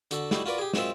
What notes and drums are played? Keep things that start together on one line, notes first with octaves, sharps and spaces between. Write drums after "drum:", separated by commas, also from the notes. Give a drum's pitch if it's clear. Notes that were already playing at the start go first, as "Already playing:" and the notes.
D3 F#4 A4, drum: hi-hat
G3 A3 D#4 E4 F#4, drum: snare
F4 F#4 A#4 B4 D5
G4 G#4
F#3 G#3 C4 F4 A#4 E5, drum: snare